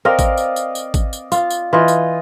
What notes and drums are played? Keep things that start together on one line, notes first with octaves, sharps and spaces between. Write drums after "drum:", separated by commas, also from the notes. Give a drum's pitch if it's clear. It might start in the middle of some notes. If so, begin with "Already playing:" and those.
C4 A#4 D5 D#5 F5
drum: kick A1, tambourine
drum: tambourine
drum: tambourine
drum: tambourine
drum: kick A1, tambourine
drum: tambourine
F4, drum: tambourine
drum: tambourine
E3 F4 D#5
drum: tambourine